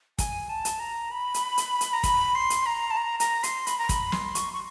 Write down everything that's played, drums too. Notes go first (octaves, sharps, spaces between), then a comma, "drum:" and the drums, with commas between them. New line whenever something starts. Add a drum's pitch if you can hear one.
G#5, drum: kick, hi-hat
A5
drum: hi-hat
A#5
B5
drum: hi-hat
drum: hi-hat
drum: hi-hat
A#5
B5, drum: kick, hi-hat
C6
drum: hi-hat
A#5
A5
A#5
A#5, drum: hi-hat
C6, drum: hi-hat
B5, drum: hi-hat
A#5
B5, drum: kick, hi-hat
C6, drum: snare
C#6, drum: hi-hat
C#6